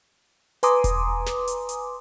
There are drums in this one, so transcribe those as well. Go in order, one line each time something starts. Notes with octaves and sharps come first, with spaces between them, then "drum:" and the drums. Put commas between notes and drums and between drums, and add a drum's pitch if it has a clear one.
B4 G#5 A#5 C6 D6 D#6, drum: hi-hat
drum: kick E1, hi-hat
drum: snare
drum: hi-hat
drum: hi-hat